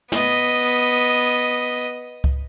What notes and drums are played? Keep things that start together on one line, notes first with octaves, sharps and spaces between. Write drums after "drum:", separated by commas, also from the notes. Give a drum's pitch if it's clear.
B3 D#5, drum: snare
drum: kick C#2